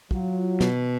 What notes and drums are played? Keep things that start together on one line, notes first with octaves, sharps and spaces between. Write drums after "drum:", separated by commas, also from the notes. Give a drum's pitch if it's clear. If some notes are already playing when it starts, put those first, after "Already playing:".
F#3 F4, drum: kick
B2, drum: snare